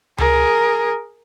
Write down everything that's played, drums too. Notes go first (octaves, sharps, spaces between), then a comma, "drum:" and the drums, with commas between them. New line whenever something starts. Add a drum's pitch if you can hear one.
G#4 A#4, drum: tom C#2